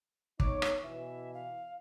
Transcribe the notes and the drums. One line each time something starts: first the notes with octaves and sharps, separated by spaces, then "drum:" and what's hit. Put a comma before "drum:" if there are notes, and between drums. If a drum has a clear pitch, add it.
B3 D#4 C#5 D6, drum: kick
drum: rim click
B2 E3 E5
F5